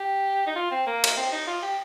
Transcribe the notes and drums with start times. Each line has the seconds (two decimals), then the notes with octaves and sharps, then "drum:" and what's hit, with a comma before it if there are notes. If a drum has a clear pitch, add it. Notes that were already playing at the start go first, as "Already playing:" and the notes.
Already playing: G4
0.47 D#4
0.56 F4
0.71 C4
0.86 A#3
1.04 drum: cymbal
1.17 C4
1.32 D#4
1.47 F4
1.62 G4